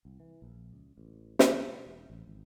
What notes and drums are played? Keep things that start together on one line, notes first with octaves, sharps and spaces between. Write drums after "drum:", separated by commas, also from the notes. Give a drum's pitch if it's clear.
C2
E3
A#1
C#2
A1
C#2, drum: snare
B2
E1
A1
G#1